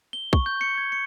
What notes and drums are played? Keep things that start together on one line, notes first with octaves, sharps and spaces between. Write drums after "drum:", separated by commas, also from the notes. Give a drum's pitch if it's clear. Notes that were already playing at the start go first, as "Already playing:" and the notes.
G7
C#6, drum: kick
G6
C#7
G#6
C#7